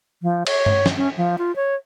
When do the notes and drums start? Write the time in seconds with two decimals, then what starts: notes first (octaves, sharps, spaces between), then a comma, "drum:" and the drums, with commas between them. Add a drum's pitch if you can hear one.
0.22 F3
0.47 C#5, drum: cymbal
0.66 drum: tom G2
0.86 drum: snare
0.97 C#4
1.17 F3
1.38 F4
1.56 C#5